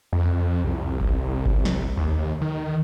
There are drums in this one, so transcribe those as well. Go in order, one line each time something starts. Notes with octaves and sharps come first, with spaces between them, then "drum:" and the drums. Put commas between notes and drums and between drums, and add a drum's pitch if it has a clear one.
F2
C2
drum: kick G1
drum: kick G1
drum: snare
D#2
D#3